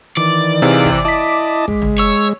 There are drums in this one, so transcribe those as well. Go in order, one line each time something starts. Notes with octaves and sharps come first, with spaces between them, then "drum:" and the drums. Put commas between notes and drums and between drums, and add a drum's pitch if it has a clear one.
D#3 E3 D5
C3 E3 D#4 G#4 F5, drum: hi-hat
drum: kick
E4 D#5 A5 D6 B6
G#3, drum: kick
drum: tom
C#5 E6